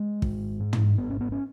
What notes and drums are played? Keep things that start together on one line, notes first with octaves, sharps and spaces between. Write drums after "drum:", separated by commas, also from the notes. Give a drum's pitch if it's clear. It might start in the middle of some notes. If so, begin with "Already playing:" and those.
Already playing: G#3
G#1, drum: kick
G#2
drum: tom
G#1 B3
C#4
B3
C#4